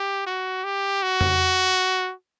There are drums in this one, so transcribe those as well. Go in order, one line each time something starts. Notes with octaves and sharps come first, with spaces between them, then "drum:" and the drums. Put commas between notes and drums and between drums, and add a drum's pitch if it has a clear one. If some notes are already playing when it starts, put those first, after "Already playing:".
Already playing: G4
F#4
G4
F#4
drum: tom F2